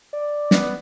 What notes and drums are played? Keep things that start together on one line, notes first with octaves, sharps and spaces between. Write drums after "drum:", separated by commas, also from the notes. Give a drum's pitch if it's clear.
D5
B3, drum: snare